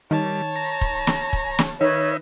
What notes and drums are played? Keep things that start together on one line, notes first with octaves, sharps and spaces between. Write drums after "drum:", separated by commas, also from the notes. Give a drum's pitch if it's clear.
D#3 G3 C#5 A5
A#5
drum: kick
drum: snare
drum: kick
drum: snare
D#3 D#4 B4 C#5 E5